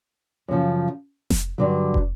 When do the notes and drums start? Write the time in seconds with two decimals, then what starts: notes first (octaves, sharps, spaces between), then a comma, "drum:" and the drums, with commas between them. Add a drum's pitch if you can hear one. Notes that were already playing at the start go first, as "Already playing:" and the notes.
0.48 F#2 C#3 F3
1.30 drum: snare F1
1.58 G2 D3 F#3
1.94 drum: kick